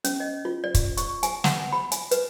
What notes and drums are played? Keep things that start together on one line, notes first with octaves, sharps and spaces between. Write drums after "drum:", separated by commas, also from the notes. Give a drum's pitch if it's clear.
C#4, drum: hi-hat
D#5
F4
D5
drum: kick, hi-hat
C#6, drum: hi-hat
G#5, drum: hi-hat
F#5, drum: snare
B5
G#5, drum: hi-hat
B4, drum: hi-hat